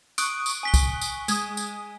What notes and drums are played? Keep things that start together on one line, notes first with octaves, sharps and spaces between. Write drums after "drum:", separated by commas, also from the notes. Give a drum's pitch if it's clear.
C#6 D#6 F#6 D7, drum: tambourine
drum: tambourine
G#5 B6 G7
drum: kick, tambourine
drum: tambourine
G#3 D#6, drum: tambourine
drum: tambourine